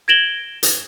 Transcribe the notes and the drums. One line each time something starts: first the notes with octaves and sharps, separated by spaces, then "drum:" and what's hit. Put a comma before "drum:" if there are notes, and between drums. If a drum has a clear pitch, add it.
G#6 A#6 D7 E7 F#7 G7
drum: hi-hat